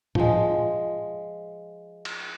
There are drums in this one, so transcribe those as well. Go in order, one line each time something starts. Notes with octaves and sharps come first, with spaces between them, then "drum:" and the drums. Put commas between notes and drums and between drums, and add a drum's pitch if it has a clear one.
F3 G#3, drum: tom
drum: cymbal